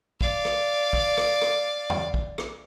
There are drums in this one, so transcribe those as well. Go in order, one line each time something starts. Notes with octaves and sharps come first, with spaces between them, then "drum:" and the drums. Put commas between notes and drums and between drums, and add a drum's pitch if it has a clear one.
D5 F5, drum: kick
drum: rim click
drum: kick
drum: rim click
drum: rim click
drum: tom E2
drum: kick
drum: rim click